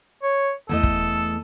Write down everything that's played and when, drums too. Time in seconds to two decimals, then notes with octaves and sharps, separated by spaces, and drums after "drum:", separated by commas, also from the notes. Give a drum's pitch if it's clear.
0.23 C#5
0.69 E2 A3 A4 D#5
0.83 drum: kick